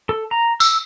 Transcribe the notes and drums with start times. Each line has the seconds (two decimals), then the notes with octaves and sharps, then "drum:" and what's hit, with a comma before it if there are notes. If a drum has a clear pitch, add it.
0.09 A4
0.31 A#5
0.60 E6, drum: tambourine